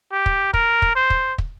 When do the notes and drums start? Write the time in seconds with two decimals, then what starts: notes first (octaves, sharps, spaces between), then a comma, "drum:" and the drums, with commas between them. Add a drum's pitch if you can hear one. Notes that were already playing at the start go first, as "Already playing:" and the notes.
0.12 G4
0.26 drum: kick
0.54 A#4, drum: kick
0.82 drum: kick
0.96 C5
1.10 drum: kick
1.38 drum: kick